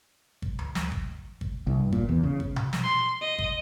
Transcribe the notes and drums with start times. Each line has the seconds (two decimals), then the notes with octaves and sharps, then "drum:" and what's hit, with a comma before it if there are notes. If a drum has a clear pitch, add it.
0.42 drum: kick
0.59 drum: tom D2
0.75 drum: snare
0.92 drum: kick
1.41 drum: kick
1.67 C2
1.80 G2
1.92 A#2, drum: kick
2.09 E2
2.23 C#3
2.40 drum: kick
2.56 drum: tom B2
2.73 drum: snare
2.84 C6
3.21 D#5
3.39 drum: kick